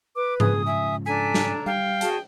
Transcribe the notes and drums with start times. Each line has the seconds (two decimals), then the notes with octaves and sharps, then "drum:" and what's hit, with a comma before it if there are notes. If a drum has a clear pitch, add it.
0.16 B4 D6
0.40 G#2 C#3 F3 G#4 D#6, drum: tom G#2
0.66 E5 G#5
1.06 D4 A4 G#5 A#5 B6
1.34 drum: snare
1.66 G3 F5 G5
2.01 F#4 G#4 A5, drum: hi-hat